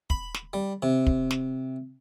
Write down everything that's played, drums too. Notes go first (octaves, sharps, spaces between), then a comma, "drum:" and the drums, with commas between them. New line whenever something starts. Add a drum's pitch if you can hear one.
B5, drum: kick
drum: snare
G3
C3
drum: kick
drum: snare